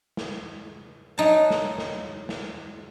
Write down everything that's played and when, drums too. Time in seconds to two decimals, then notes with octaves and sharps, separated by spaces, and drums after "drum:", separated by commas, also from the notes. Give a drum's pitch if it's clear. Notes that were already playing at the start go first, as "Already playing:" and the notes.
0.17 drum: snare
1.18 F#3 D#4 A5
1.50 drum: snare
1.78 drum: snare
2.29 drum: snare